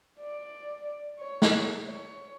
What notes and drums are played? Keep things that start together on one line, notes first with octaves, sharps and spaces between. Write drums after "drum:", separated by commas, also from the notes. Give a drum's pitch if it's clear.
D5
C#5
drum: snare
C#5